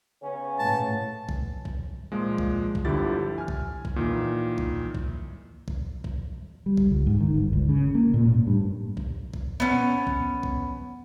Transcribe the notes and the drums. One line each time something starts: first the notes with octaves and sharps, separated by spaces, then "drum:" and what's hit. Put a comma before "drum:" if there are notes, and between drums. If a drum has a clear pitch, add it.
C#3 B3 C#4
A2 A5
drum: kick
drum: kick
A#2 F3 G#3
drum: kick
drum: kick
G1 D3 F3 E4 G4 A6
G#5 F6
drum: kick
drum: kick
A#2 D#3 E3
drum: kick
drum: kick
drum: kick
drum: kick
G3
drum: kick
C#2
G#2
D#3
G1
C#2
C#3
A#3
A#2
A2
G2
drum: kick
drum: kick
B3 C#4
drum: kick
drum: kick